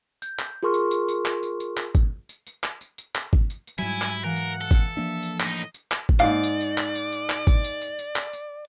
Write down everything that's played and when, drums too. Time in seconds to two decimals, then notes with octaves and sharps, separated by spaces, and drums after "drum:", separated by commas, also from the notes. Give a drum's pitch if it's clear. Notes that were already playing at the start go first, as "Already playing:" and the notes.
0.22 G6, drum: tambourine
0.39 drum: clap
0.63 F4 G#4 A#4 C6 C#6 F6
0.74 drum: tambourine
0.91 drum: tambourine
1.08 drum: tambourine
1.26 drum: clap
1.43 drum: tambourine
1.60 drum: tambourine
1.77 drum: clap
1.95 drum: kick, tambourine
2.29 drum: tambourine
2.47 drum: tambourine
2.64 drum: clap
2.81 drum: tambourine
2.98 drum: tambourine
3.16 drum: clap
3.33 drum: kick
3.50 drum: tambourine
3.67 drum: tambourine
3.79 G#2 F#3 G3 E4 G#5
4.02 drum: clap
4.24 E3 A#4 F5 F#5
4.36 drum: tambourine
4.61 A4
4.71 drum: kick, tambourine
4.97 F3 A#3 D4 E5
5.23 drum: tambourine
5.40 A2 D#4 D#5, drum: clap
5.57 drum: tambourine
5.74 drum: tambourine
5.92 drum: clap
6.09 drum: kick
6.20 G#2 D5 F5
6.44 drum: tambourine
6.61 drum: tambourine
6.78 drum: clap
6.95 drum: tambourine
7.13 drum: tambourine
7.30 drum: clap
7.47 drum: kick, tambourine
7.64 drum: tambourine
7.82 drum: tambourine
7.99 drum: tambourine
8.16 drum: clap
8.33 drum: tambourine